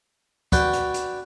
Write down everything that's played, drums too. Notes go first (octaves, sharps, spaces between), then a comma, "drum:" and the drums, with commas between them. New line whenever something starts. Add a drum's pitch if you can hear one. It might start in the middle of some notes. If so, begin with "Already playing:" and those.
F#4 B4 D5 G5, drum: kick, hi-hat
drum: hi-hat
drum: hi-hat